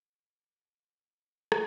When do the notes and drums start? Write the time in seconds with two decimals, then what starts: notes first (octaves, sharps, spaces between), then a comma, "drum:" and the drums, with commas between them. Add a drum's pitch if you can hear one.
0.15 D#3 G3 C4 G4 A#4
0.36 G4 A#4
0.57 F4 A4
0.77 G4 A#4
0.98 D#3 G3 C4
1.52 drum: rim click